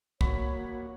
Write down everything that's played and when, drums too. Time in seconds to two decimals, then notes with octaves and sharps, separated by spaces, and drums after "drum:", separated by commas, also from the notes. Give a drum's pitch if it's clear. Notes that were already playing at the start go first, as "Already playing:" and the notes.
0.21 A#3 F#4 C#5 B5 C#6, drum: kick